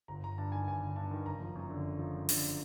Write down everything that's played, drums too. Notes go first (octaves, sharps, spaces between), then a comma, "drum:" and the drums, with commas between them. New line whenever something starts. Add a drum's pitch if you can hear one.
G1 A#5
G1 A#5
G2 A5
D#3 G#5
G1 G#5
G1
G2 A5
D#3
F#1 A#5
F3
F#2
D3
F#1
F3
F#2
D3, drum: open hi-hat